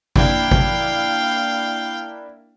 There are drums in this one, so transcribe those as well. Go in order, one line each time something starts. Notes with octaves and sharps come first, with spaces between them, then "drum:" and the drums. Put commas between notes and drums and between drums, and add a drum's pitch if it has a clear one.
A#3 D4 E4 F5 G5, drum: kick G#1
drum: kick G#1